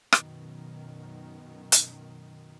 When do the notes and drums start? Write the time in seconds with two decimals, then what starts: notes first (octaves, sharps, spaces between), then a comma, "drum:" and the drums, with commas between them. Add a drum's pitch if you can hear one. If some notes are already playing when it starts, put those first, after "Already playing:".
0.13 F#2 B2 D#3, drum: rim click
1.72 drum: hi-hat